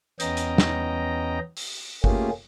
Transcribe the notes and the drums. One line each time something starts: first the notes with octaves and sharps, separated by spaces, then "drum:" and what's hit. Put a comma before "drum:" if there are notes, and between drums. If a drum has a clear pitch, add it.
E2 B3 C#4 D#5 G5 A#5, drum: hi-hat
drum: hi-hat
drum: snare
drum: open hi-hat
A3 A#3 C#4 F4 G4 G#4, drum: kick G1